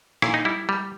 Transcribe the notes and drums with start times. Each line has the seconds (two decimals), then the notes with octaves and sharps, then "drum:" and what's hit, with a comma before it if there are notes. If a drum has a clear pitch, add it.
0.22 A#2 E4, drum: rim click
0.34 D#4
0.45 G3 E4
0.69 G3